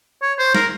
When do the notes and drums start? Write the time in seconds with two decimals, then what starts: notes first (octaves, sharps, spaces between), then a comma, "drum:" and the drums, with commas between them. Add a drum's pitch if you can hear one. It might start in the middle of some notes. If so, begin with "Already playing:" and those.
0.22 C#5
0.39 C5
0.54 A#4, drum: snare